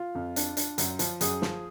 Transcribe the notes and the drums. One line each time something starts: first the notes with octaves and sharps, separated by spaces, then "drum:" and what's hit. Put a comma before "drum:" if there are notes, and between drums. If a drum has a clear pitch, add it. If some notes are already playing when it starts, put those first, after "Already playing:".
Already playing: F4
F2
D4, drum: hi-hat
D4, drum: hi-hat
F#2, drum: hi-hat
F3, drum: hi-hat
F#2 G#4, drum: hi-hat
F3, drum: snare